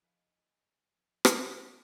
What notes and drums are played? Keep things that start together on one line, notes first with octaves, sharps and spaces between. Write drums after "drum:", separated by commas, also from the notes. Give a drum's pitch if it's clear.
F3 D#4 F4 G#4 B4 G#5
drum: rim click